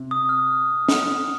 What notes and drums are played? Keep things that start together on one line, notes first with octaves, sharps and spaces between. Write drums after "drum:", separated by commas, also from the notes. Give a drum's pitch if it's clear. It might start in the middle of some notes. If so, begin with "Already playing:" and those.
Already playing: C3
D#6
F6
drum: snare